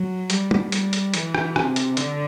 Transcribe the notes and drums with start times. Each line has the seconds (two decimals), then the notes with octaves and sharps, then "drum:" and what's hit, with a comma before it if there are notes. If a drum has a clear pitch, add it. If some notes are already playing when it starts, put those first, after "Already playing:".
Already playing: F#3
0.30 G3, drum: hi-hat
0.51 drum: tom G3
0.72 G3, drum: hi-hat
0.93 drum: hi-hat
1.14 E3, drum: hi-hat
1.35 drum: rim click
1.56 C3, drum: rim click
1.76 drum: hi-hat
1.97 D3, drum: hi-hat